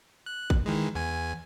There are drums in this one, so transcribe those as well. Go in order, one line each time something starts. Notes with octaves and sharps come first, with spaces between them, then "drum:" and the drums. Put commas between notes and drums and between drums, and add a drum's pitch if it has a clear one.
F#6
drum: kick
D#3 E3 G#3
E2 G#5